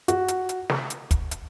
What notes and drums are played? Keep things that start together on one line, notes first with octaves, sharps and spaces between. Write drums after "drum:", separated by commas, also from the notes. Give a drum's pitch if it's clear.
F#4, drum: hi-hat
drum: hi-hat
drum: hi-hat
drum: snare
drum: hi-hat
drum: kick, hi-hat
drum: hi-hat